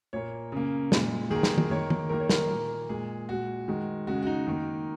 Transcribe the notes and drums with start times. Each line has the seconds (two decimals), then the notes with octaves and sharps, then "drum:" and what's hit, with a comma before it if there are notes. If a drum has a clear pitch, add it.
0.13 A#2 A#3 C#5
0.52 C#3 A#3
0.92 A#2 G#3, drum: snare
1.30 D#3 A#3 G#4
1.43 drum: snare
1.58 drum: tom
1.70 D#3 A#3 C#5
1.90 drum: tom
2.09 D#3 A#3 A#4
2.20 C#5
2.29 A#4, drum: snare
2.50 A#2 A#3
2.89 A#2 G#3 G#4
3.29 A#2 G#3 F#4
3.68 D#3 G#3
4.07 C#3 G#3 F#4
4.23 F#4
4.27 D#4
4.47 D#3 A#3